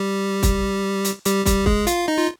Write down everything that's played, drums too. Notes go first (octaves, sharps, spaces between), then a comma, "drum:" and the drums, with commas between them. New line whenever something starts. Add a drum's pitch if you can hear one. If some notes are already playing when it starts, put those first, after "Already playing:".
Already playing: G3 G4
drum: kick, hi-hat
drum: hi-hat
G3 G4, drum: hi-hat
G3 G4, drum: kick, hi-hat
G#3 G#4, drum: kick
F4 F5, drum: hi-hat
D#4 D#5
F4